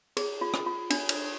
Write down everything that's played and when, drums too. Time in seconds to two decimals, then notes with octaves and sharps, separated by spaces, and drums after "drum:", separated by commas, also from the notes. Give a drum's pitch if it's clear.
0.17 G#4, drum: cymbal
0.41 F4
0.54 drum: rim click
0.66 F4
0.90 D4, drum: cymbal
1.09 drum: cymbal